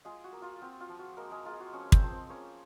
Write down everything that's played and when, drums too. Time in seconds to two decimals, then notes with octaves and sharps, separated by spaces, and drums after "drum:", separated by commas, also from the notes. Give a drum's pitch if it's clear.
0.05 G#3 F4 G#4
0.24 F#4
0.32 A#3
0.42 F4
0.62 C4 F#4
0.81 F4
0.89 F3
0.99 F#4
1.17 G#3 A#3 A#4
1.31 G#3 G#4
1.45 G#3 F4
1.60 F#4
1.73 F3 C#4 C#5
1.92 C4 C5, drum: kick
2.02 F3
2.11 C4 C5
2.29 A#3 C#4 C#5